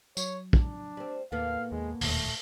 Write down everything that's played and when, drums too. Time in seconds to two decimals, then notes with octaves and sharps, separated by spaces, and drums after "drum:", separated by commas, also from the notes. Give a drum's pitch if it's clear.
0.17 F#3 C#5, drum: tambourine
0.53 D4, drum: kick
0.97 G3 C4
1.32 D#2 A2 A#3 B3 F5
1.72 D#2 G#3
2.01 E1 D#2 A#2 A3, drum: open hi-hat